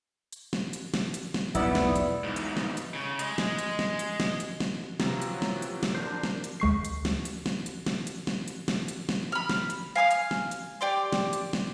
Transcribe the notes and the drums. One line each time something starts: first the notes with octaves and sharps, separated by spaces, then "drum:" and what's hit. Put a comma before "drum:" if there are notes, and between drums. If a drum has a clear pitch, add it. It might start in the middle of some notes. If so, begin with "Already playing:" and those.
drum: hi-hat
drum: snare
drum: hi-hat
drum: snare
drum: hi-hat
drum: snare
B1 E2 G#2 B3 E4 D5, drum: hi-hat
drum: snare
drum: hi-hat
E2 G#2
drum: hi-hat
drum: snare
drum: hi-hat
C#3
G#3 G#4, drum: hi-hat
drum: snare
drum: hi-hat
drum: snare
drum: hi-hat
drum: snare
drum: hi-hat
drum: snare
C3 E3 F#3 F4 A#5, drum: snare
drum: hi-hat
drum: snare
drum: hi-hat
drum: snare
D3 D4 A#4 C5
drum: snare
drum: hi-hat
D2 G#3 C#6 C7
drum: hi-hat
drum: snare
drum: hi-hat
drum: snare
drum: hi-hat
drum: snare
drum: hi-hat
drum: snare
drum: hi-hat
drum: snare
drum: hi-hat
drum: snare
B5 F6
drum: snare
drum: hi-hat
F5 G#5 D#6 F6
drum: hi-hat
drum: snare
drum: hi-hat
G4 D5 C6
drum: snare
drum: hi-hat
drum: snare